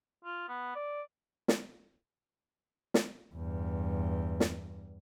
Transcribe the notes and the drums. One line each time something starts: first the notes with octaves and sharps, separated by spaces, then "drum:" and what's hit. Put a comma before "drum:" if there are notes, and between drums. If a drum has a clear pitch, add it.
F4
B3
D5
drum: snare
drum: snare
E2 G2
drum: snare